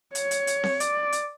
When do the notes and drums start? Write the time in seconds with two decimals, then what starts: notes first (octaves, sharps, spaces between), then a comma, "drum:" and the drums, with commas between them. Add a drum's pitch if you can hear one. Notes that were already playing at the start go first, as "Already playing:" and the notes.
0.15 C#5, drum: hi-hat
0.31 drum: hi-hat
0.47 drum: hi-hat
0.64 drum: snare C4
0.80 D5, drum: hi-hat
1.12 drum: hi-hat